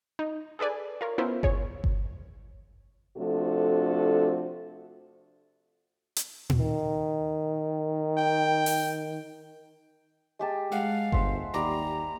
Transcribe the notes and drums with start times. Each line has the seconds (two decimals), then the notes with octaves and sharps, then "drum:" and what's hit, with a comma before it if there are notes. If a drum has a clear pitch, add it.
0.19 D#4
0.59 G#4 A4 B4 D5 G#5
1.01 F4 A#4 C#5
1.18 B3 C#4 E4 F4 A#4 C5
1.43 G#4 C#5, drum: kick G1
1.84 drum: kick G1
3.17 C3 F3 A3 D4 F#4 A4
6.16 drum: hi-hat
6.50 drum: tom A#2
6.59 D#3
8.18 G5
8.66 drum: open hi-hat
10.39 G#3 G4 A5
10.72 G#3 F5 F#5
11.12 G1 C5 E5, drum: kick G1
11.54 D#2 G3 A#5 D6